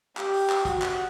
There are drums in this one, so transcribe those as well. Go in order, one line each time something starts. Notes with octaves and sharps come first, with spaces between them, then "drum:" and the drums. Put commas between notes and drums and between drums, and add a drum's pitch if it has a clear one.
G4, drum: clap
drum: open hi-hat
drum: clap
F#4, drum: kick, hi-hat
drum: clap